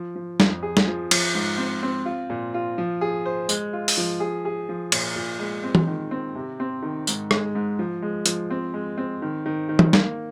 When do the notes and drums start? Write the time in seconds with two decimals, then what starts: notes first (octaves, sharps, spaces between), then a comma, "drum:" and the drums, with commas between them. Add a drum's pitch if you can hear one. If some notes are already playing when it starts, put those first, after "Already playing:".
Already playing: F3
0.16 F3
0.40 F2, drum: snare
0.63 G#4
0.77 drum: snare
0.87 F3
1.11 F3, drum: cymbal
1.35 G#2
1.58 C4
1.83 C4
2.05 F4
2.30 A#2
2.54 F4
2.78 F3
3.01 G#4
3.26 C5
3.49 G#3, drum: tambourine
3.73 F4
3.88 drum: open hi-hat
3.97 F3
4.20 G#4
4.45 G#4
4.69 F3
4.92 A#2, drum: cymbal
5.16 A#2
5.39 G#3
5.63 C4
5.75 drum: tom E3
5.87 D#3
6.11 C4
6.35 C3
6.60 C4
6.82 D#3
7.07 G#2, drum: tambourine
7.31 G#3, drum: rim click
7.55 G#2
7.79 F3
8.02 G#3
8.26 F3, drum: hi-hat
8.50 C4
8.74 G#3
8.98 C4
9.22 D#3
9.46 D#3
9.69 D#3
9.79 drum: tom E3
9.93 A#3, drum: snare